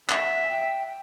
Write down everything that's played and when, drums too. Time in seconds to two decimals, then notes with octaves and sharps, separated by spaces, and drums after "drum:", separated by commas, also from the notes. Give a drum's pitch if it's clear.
0.09 E5 F#5, drum: clap
0.44 G#5
0.48 G5
0.87 G5